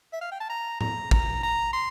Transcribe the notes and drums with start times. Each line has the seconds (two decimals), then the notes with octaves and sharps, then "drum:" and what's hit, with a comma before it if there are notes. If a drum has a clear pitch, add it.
0.13 E5
0.21 F5
0.32 G5
0.40 A5
0.50 A#5
0.81 A#5, drum: tom A2
1.11 A#5, drum: kick A1
1.43 A#5
1.73 C6